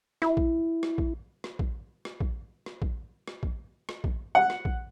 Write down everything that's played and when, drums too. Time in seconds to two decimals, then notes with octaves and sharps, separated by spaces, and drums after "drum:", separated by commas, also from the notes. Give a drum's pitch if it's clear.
0.22 E4, drum: rim click
0.37 drum: kick A#1
0.83 drum: rim click
0.98 drum: kick A#1
1.44 drum: rim click
1.59 drum: kick A#1
2.05 drum: rim click
2.21 drum: kick A#1
2.66 drum: rim click
2.82 drum: kick A#1
3.28 drum: rim click
3.43 drum: kick A#1
3.89 drum: rim click
4.04 drum: kick A#1
4.35 F#5
4.50 drum: rim click
4.65 drum: kick A#1